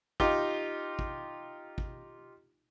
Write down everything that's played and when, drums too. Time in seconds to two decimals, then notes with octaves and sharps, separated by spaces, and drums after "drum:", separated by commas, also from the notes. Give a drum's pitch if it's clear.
0.20 D#4 F4 G4, drum: kick
0.99 drum: kick
1.78 drum: kick